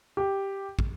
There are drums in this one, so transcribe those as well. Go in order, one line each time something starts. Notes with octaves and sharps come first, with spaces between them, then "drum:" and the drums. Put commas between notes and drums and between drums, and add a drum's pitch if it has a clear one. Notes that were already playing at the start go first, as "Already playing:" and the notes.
G4
drum: kick